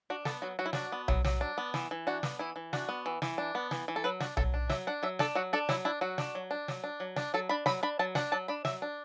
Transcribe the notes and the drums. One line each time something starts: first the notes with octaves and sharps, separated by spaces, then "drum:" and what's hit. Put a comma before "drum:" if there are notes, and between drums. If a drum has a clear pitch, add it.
D4 F#4
B3 A4, drum: snare
F#3 F#4
F#3 F#4
E4
D4 F#4, drum: snare
B3
F#3, drum: tom B1
F#3, drum: snare
D4
B3
E3, drum: snare
E3
D4 F#4
B3, drum: snare
E3 E4
E3
D4 F#4, drum: snare
B3
E3
E3, drum: snare
D4
B3
E3, drum: snare
E3
A4
F#3 B4
D4 F#4, drum: snare
F#3 A4, drum: tom B1
D4
F#3 E5, drum: snare
D4 F#5
F#3 E5
D4 A4, drum: snare
F#3 F#4
D4 A4
F#3 E4, drum: snare
D4 E4
F#3 F#4
D4, drum: snare
F#3
D4
F#3, drum: snare
D4
F#3
D4, drum: snare
F#3 A4
D4 B5
F#3 B5, drum: snare
D4 B5
F#3 A5
D4 F#5, drum: snare
F#3 A5
D4 B5
F#3 E5, drum: snare
D4